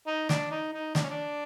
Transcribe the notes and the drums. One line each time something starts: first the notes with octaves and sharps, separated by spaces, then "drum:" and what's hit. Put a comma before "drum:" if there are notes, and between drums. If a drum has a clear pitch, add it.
D#4
D4, drum: snare
D#4
D#4
D4, drum: snare
C#4
D4